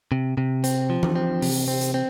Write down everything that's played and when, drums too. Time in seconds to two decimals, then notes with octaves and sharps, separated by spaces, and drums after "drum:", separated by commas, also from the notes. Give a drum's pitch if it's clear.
0.12 C3
0.37 C3
0.64 C4, drum: hi-hat
0.90 F3
1.03 drum: tom E3
1.16 C4
1.42 C3, drum: open hi-hat
1.68 C4
1.81 drum: hi-hat
1.94 C4